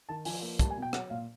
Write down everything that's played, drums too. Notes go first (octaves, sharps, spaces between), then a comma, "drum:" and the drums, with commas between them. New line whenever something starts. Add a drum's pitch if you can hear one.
D#3 A5
F3 G#5, drum: open hi-hat
A#3
G3 A5, drum: kick, hi-hat
G#5
B2
G5
F#3 F#5, drum: rim click
A#2 F5